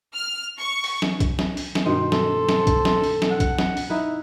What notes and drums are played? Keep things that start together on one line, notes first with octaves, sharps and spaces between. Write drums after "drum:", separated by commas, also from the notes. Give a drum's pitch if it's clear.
F6
C#6
drum: open hi-hat
drum: snare
drum: kick, hi-hat
drum: snare
drum: open hi-hat
drum: snare
G2 B2 D#3 C5
A4, drum: snare
drum: snare
drum: kick, hi-hat
drum: snare
drum: open hi-hat
drum: snare
F#5
drum: kick, hi-hat
drum: snare
drum: open hi-hat
D#4 E4 B4